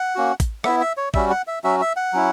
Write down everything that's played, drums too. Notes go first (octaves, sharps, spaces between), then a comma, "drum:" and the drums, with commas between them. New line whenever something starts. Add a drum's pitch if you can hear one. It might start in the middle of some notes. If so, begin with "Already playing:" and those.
Already playing: F#5
A#3 C#4 F#4
drum: kick, hi-hat
B3 E4 E5, drum: rim click
E5
C#5
G3 C#4 F#4 E5, drum: kick
F#5
E5
F#3 C#4 F#4 E5
E5
F#5
F#3 C#4 E4